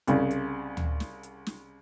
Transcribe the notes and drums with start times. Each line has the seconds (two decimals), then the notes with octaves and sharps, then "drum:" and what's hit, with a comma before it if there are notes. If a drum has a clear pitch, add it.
0.07 C2 C#3, drum: hi-hat
0.31 drum: hi-hat
0.77 drum: tom D2
1.00 drum: snare
1.23 drum: hi-hat
1.46 drum: snare